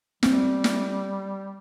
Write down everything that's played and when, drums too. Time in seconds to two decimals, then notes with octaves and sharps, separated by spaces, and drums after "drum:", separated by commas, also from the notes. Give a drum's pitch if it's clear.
0.23 G3 B3 C4, drum: snare
0.64 drum: snare